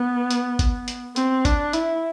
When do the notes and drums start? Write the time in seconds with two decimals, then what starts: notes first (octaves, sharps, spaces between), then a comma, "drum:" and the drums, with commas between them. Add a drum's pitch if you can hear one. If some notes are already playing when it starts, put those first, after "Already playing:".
Already playing: B3
0.31 drum: hi-hat
0.59 drum: kick G#1, hi-hat
0.88 drum: hi-hat
1.16 C4, drum: hi-hat
1.45 D4, drum: kick G#1, hi-hat
1.73 E4, drum: hi-hat